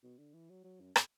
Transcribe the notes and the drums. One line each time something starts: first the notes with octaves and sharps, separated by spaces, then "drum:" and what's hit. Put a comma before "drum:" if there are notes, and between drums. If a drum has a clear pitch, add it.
B2
D3
E3
F#3
F#3
F#2
drum: rim click